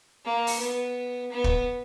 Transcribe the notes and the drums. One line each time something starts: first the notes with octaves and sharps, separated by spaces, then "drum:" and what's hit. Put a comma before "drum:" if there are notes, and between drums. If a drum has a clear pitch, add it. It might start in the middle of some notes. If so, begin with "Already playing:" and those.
A#3
drum: open hi-hat
B3
B3
drum: kick